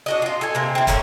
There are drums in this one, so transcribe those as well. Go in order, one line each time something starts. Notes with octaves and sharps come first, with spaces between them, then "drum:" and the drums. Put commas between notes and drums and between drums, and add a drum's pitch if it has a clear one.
D4 F#4 D#5
F4 D#5
A4 G#5
C3 A#3
C4 E4
F3 A3 A#3 C#4, drum: kick, hi-hat